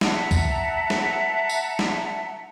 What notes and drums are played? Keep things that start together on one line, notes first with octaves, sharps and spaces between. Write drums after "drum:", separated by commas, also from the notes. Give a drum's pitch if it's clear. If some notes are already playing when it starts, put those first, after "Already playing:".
E5 F#5 A5 A#5, drum: snare
drum: kick C2, tambourine
drum: snare
drum: tambourine
drum: snare